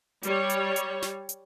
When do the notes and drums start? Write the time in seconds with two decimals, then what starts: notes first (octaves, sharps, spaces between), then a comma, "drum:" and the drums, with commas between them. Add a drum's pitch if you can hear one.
0.23 G3 C#5, drum: hi-hat
0.50 drum: hi-hat
0.76 drum: hi-hat
1.02 drum: snare
1.29 drum: hi-hat